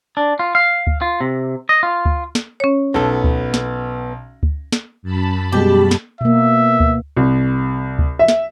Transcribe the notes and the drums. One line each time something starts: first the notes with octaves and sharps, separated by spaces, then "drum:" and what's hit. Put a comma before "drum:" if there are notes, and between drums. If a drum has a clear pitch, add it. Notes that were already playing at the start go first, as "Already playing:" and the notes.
D4
F4
F5
drum: kick D2
F4
C3
D#5
F4
drum: kick D2
drum: snare
C#4 C#5
B1 B3 A4
drum: kick D2
drum: snare
drum: kick D2
drum: snare
F#2 A5 B5
B2 G3 G#3 G4
drum: snare
B2 A#3 E5
drum: kick D2
C2
drum: kick D2
E5
drum: snare